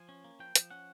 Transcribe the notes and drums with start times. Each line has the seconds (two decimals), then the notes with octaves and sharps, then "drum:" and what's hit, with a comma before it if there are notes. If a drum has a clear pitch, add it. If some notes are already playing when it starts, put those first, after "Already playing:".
Already playing: F3 G#5
0.09 C#4
0.24 A#3
0.39 F3 G5
0.56 F3, drum: hi-hat
0.71 C#4 F#5